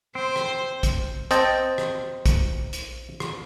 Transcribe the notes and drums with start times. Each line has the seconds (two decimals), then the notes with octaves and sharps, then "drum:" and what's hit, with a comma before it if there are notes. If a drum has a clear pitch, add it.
0.15 C4 C5
0.36 drum: rim click
0.83 drum: kick A#1, hi-hat
1.31 C4 D#5 G5 A5, drum: hi-hat
1.78 drum: rim click
2.26 drum: kick A#1, hi-hat
2.73 drum: hi-hat
3.20 drum: rim click